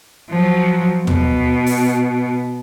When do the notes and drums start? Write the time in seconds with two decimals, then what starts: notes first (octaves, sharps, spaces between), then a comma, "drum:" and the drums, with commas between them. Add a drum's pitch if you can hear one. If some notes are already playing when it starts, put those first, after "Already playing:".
0.29 F3 F#3
1.07 B2, drum: tom D#2
1.66 drum: open hi-hat